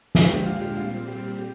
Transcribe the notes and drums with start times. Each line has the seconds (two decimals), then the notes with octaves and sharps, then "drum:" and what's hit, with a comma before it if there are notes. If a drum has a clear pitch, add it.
0.15 A#2 G#3 D4 G#4, drum: snare
0.31 G4
0.46 F4
0.61 G4
0.76 A#2 G3 C4 F4
1.08 G4
1.38 G4